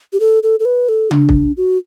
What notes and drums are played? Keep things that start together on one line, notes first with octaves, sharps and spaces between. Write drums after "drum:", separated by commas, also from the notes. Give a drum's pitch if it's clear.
G4
A4
A4
A4
B4
A4
D4, drum: tom C#3
drum: kick
F#4